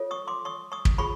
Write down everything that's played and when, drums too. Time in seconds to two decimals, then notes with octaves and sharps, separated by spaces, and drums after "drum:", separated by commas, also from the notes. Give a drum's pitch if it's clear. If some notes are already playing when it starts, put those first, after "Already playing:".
Already playing: F4 A4 C#5
0.11 C#6 D#6
0.27 C6 D6
0.45 C#6 D#6
0.72 C#6 D#6
0.85 drum: kick
0.98 F4 G#4 B5 C#6